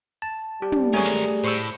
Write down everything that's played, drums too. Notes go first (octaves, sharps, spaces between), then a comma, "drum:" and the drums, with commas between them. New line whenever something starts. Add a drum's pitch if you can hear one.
A5
G3 G4
drum: tom
G#3 A3 G#4 A#4 C#5 G#5
drum: snare
A2 C5 C#6 E6